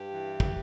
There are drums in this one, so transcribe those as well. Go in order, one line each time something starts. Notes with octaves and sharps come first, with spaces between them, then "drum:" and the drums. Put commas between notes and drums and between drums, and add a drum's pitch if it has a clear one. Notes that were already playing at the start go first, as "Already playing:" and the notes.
Already playing: G2 G4
E3
drum: kick